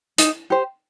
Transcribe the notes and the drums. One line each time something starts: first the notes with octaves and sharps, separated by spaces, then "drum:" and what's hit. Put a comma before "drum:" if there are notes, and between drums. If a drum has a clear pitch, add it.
D#4, drum: hi-hat
G4 C5